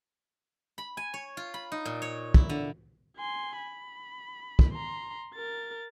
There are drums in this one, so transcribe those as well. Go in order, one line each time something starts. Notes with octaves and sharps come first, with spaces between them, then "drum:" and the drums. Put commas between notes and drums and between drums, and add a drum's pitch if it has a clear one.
B5
G#5
C#5
F4
B5
D#4
A#2
C#5
E4, drum: kick
D3
G#5 C6
B5
drum: kick
A#5 C6
A#4 A6